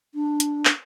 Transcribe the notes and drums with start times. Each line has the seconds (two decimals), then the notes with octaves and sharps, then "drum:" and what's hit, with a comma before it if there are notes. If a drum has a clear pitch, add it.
0.15 D4
0.40 drum: hi-hat
0.65 drum: clap